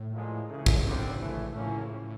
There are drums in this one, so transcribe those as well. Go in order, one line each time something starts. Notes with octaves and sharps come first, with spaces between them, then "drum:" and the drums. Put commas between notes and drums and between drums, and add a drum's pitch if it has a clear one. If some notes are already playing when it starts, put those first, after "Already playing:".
Already playing: A2
A#2 F3 G#3
C#2 C#3 E3 A3
drum: kick
D#2 D3 G3 C4
G#2 E3 A3
F#2 A2 C#3 F3 A#3 C#4